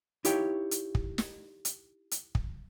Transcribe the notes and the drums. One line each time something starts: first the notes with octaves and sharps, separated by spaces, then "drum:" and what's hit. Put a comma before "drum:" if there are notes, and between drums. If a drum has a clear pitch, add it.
D#4 E4 G4 C#5 F5 G5, drum: hi-hat
drum: hi-hat
drum: kick
drum: snare
drum: hi-hat
drum: hi-hat
drum: kick